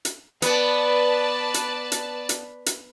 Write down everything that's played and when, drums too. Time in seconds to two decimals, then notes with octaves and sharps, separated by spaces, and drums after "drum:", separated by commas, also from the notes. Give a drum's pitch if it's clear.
0.05 drum: hi-hat
0.42 B3 B4 D5 A5, drum: hi-hat
1.54 drum: hi-hat
1.92 drum: hi-hat
2.29 drum: hi-hat
2.66 drum: hi-hat